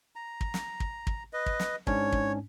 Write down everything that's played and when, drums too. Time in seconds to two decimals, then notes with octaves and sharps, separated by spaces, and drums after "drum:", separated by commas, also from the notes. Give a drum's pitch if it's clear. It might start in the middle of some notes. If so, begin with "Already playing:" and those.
0.16 A#5
0.41 drum: kick
0.54 drum: snare
0.80 drum: kick
1.07 drum: kick
1.33 B4 D#5
1.46 drum: kick
1.60 drum: snare
1.87 G#2 C#4 D4 C#5, drum: kick
2.12 drum: kick